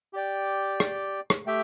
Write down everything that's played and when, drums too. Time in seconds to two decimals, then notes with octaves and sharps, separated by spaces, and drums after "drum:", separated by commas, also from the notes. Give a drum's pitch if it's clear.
0.13 G4 D5 G5
0.80 drum: rim click
1.30 drum: rim click
1.46 A3 G4 E5 G5